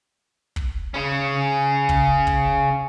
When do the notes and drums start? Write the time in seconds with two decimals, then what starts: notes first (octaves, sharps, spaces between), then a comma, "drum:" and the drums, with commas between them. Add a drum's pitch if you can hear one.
0.56 drum: kick
0.94 C#3 C#4
1.89 drum: kick
2.27 drum: kick